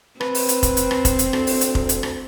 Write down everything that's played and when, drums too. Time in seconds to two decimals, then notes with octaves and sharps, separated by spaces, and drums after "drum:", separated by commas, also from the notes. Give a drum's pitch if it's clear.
0.21 C4 B4, drum: rim click
0.35 drum: open hi-hat
0.49 drum: hi-hat
0.63 drum: kick F1, hi-hat
0.77 drum: hi-hat
0.91 drum: rim click
1.05 drum: kick F1, hi-hat
1.19 drum: hi-hat
1.33 D2, drum: rim click
1.47 drum: open hi-hat
1.61 drum: hi-hat
1.75 drum: kick F1
1.89 drum: hi-hat
2.03 drum: rim click